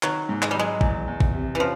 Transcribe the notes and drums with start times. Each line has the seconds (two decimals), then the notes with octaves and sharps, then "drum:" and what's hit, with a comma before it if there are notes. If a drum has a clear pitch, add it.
0.03 D#3 F#3, drum: clap
0.29 G#2
0.42 G#3, drum: clap
0.51 G3
0.55 F#3 G#3
0.81 E2, drum: kick
1.08 E2
1.20 drum: kick
1.34 C3
1.55 E3
1.59 F3 C#4